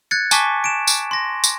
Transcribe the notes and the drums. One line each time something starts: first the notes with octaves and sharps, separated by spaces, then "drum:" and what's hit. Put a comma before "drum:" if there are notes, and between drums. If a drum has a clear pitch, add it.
F#6 G#6 A6 C#7
G#5 A5 C#6 D6 B6, drum: tambourine
D7 E7
drum: tambourine
C6 A#6
drum: tambourine